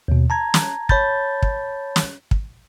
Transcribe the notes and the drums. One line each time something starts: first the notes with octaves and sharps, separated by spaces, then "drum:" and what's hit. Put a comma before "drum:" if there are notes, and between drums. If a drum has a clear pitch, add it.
D#2 B2
A5 A#5 G#6
drum: snare
C#5 A5 B5 G6 A6, drum: kick
drum: kick
drum: snare
drum: kick